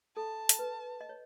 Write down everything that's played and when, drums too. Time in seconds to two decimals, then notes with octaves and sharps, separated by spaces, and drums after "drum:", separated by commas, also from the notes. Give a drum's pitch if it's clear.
0.17 A4 A5
0.49 drum: hi-hat
0.59 B4
1.01 D#5
1.09 C#5